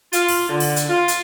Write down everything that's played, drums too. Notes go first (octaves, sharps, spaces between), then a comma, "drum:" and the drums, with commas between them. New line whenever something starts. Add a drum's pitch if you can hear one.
F4, drum: hi-hat
drum: open hi-hat
D3
drum: open hi-hat
drum: hi-hat
F4
drum: hi-hat